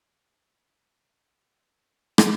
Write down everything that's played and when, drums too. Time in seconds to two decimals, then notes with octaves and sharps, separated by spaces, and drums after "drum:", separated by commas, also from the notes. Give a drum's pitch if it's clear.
0.11 C4
0.55 E4
0.95 D#5
1.33 A#3
1.80 C#4
2.18 drum: rim click